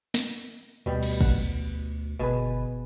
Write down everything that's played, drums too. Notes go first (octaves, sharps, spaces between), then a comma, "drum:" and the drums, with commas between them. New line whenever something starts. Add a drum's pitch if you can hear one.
drum: snare
D2 B2 G3
drum: cymbal
F#5, drum: kick
G1 B2 G#4 B4